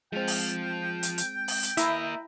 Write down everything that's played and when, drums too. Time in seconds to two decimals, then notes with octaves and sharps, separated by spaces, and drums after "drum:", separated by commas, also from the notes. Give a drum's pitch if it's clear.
0.12 F3 G#3 C4 F5 G5
0.28 drum: open hi-hat
1.03 drum: hi-hat
1.18 drum: hi-hat
1.48 drum: open hi-hat
1.63 drum: hi-hat
1.77 A#3 E4 D#5 E5 A#5, drum: hi-hat